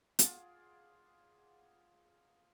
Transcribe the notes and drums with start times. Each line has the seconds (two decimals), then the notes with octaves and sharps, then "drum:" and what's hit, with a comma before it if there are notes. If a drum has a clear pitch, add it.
0.19 F4 G#4 D5 F#5, drum: hi-hat